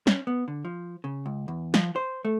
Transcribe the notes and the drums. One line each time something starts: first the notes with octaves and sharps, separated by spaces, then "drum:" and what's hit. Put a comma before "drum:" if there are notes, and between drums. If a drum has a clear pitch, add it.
C#4, drum: snare
B3
D3
F3
C#3
C#2
E2
F3, drum: snare
C5
A3